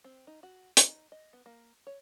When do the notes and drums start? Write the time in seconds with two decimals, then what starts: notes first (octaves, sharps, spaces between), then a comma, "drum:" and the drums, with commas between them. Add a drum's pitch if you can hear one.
0.04 C4
0.27 D#4
0.43 F#4
0.77 D#4, drum: hi-hat
1.12 D#5
1.33 B3
1.46 A#3
1.87 C#5